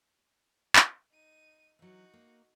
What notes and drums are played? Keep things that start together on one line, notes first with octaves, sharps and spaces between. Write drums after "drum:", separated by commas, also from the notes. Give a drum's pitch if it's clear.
drum: clap
D#4 D#7
E3 F#3 D#4 F#4
A#3